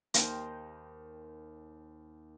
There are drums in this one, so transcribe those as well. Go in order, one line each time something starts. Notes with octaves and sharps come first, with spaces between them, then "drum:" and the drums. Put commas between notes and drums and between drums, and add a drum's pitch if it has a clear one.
D#2 D#4 A#4 C5 G5 D#6, drum: hi-hat